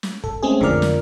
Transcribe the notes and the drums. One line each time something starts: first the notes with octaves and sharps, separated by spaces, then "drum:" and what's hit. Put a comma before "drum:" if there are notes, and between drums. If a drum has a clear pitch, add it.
drum: snare
A4, drum: kick
G#3 A3 C4 C#4 G#4
F2 D3 F4 A#4 D5 F6, drum: kick
drum: snare